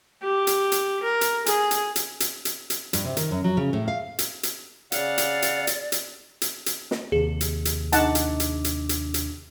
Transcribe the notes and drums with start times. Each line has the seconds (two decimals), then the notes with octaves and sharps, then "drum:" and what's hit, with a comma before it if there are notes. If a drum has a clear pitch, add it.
0.23 G4
0.47 drum: hi-hat
0.72 drum: hi-hat
1.03 A#4
1.21 drum: hi-hat
1.46 G#4, drum: hi-hat
1.71 drum: hi-hat
1.96 drum: hi-hat
2.20 drum: hi-hat
2.45 drum: hi-hat
2.70 drum: hi-hat
2.93 G2, drum: hi-hat
3.05 C3
3.17 D#3, drum: hi-hat
3.31 F#2
3.44 F#3
3.57 C#3
3.73 A2
3.88 F5
4.19 drum: hi-hat
4.43 drum: hi-hat
4.92 C#3 D5 F5 F#5, drum: hi-hat
5.18 drum: hi-hat
5.42 drum: hi-hat
5.67 drum: hi-hat
5.92 drum: hi-hat
6.41 drum: hi-hat
6.66 drum: hi-hat
6.91 drum: snare
7.12 D#2 C3 G#4
7.41 drum: hi-hat
7.65 drum: hi-hat
7.92 D4 D#4 F#5 A5, drum: hi-hat
8.15 drum: hi-hat
8.40 drum: hi-hat
8.64 drum: hi-hat
8.89 drum: hi-hat
9.14 drum: hi-hat